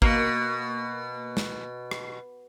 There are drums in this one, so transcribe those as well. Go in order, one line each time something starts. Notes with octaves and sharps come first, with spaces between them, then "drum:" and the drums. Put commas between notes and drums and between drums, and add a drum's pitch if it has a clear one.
B2 A#3, drum: kick
drum: snare
drum: rim click